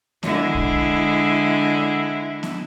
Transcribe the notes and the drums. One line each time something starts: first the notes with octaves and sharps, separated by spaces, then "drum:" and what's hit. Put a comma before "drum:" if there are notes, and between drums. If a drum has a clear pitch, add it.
D3 G#3 E4, drum: snare B3
drum: kick A#1
drum: snare B3